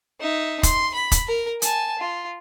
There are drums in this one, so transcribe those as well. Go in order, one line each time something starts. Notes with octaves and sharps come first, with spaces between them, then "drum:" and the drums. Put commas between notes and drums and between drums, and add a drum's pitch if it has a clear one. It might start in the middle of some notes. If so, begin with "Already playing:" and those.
D#4 E5
C6, drum: kick, hi-hat
B5
drum: kick, hi-hat
A#4
G#5 A5, drum: hi-hat
F4